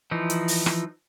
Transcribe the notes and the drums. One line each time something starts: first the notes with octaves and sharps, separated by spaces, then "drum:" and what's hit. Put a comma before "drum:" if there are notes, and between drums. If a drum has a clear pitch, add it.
E3 F3 D#4
drum: hi-hat
drum: open hi-hat
drum: rim click